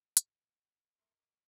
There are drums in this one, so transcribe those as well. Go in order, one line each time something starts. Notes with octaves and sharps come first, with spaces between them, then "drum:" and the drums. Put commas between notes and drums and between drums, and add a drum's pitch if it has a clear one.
A#1 A2, drum: hi-hat
F#2 A3 A#4 D#5 C6
F#4 D6